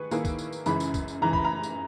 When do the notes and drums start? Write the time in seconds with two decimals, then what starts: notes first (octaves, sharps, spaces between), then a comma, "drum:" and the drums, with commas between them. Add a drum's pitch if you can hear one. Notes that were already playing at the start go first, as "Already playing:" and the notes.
Already playing: D#3 G#4 B4 C#6
0.11 D#3 A#3 E4 G#4 B4, drum: tambourine
0.25 drum: kick, tambourine
0.39 drum: tambourine
0.52 drum: tambourine
0.66 F#2 C#3 E3 G#3 B5, drum: tambourine
0.80 drum: tambourine
0.94 drum: kick, tambourine
1.08 drum: tambourine
1.21 F#2 C#3 E3 G#3 A#5
1.33 B5, drum: kick
1.45 A#5
1.63 drum: tambourine